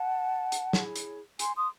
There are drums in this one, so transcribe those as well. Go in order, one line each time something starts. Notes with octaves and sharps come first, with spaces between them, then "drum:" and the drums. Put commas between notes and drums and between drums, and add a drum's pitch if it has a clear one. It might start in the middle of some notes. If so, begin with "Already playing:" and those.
Already playing: F#5 A5
drum: hi-hat
E4 G#4 C#5, drum: snare
drum: hi-hat
G#5 C6, drum: hi-hat
C6 D#6